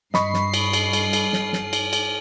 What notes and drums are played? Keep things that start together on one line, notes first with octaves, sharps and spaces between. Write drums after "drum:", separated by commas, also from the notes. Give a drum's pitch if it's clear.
G2 D#5 B5 C#6 C7, drum: snare
drum: snare
drum: cymbal
drum: cymbal
drum: cymbal
drum: cymbal
drum: snare
drum: snare
drum: cymbal
drum: cymbal